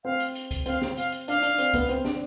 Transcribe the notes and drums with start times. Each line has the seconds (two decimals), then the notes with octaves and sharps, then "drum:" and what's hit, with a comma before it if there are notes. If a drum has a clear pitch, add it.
0.04 C4 F5
0.20 drum: hi-hat
0.35 drum: hi-hat
0.51 drum: kick C#2, hi-hat
0.66 C4 F5, drum: hi-hat
0.82 drum: snare
0.97 F5, drum: hi-hat
1.12 drum: hi-hat
1.28 D4 F5, drum: hi-hat
1.43 D4, drum: hi-hat
1.58 C4, drum: hi-hat
1.74 B3, drum: kick C#2, hi-hat
1.89 C4, drum: hi-hat
2.05 D4, drum: snare